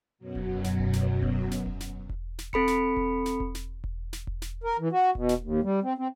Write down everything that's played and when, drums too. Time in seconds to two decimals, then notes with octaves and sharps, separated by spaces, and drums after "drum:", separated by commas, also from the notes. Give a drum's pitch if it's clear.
0.18 F#2 B2 F#3
0.35 drum: kick E1
0.64 drum: snare
0.79 drum: kick E1
0.93 drum: snare
1.22 drum: kick E1
1.51 drum: snare
1.66 drum: kick E1
1.80 drum: snare
2.09 drum: kick E1
2.39 drum: snare
2.53 C4 A4 B5 C#7, drum: kick E1
2.68 drum: snare
2.97 drum: kick E1
3.26 drum: snare
3.40 drum: kick E1
3.55 drum: snare
3.84 drum: kick E1
4.13 drum: snare
4.27 drum: kick E1
4.42 drum: snare
4.64 A#4
4.79 E3
4.92 F#4
5.15 B2, drum: kick E1
5.29 drum: snare
5.42 D#2
5.63 G3
5.83 C4
5.98 C4